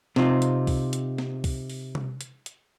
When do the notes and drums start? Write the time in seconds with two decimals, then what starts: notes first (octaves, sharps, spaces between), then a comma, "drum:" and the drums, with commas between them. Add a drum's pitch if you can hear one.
0.16 C3 C4 D#4 F4, drum: snare
0.42 drum: hi-hat
0.67 drum: kick C2, open hi-hat
0.93 drum: hi-hat
1.18 drum: snare
1.44 drum: kick C2, open hi-hat
1.70 drum: open hi-hat
1.95 drum: tom C3
2.21 drum: hi-hat
2.46 drum: hi-hat